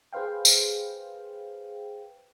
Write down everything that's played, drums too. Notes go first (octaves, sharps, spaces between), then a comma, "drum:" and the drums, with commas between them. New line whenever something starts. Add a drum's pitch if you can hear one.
G#4 B4 C5 F5 G5
drum: tambourine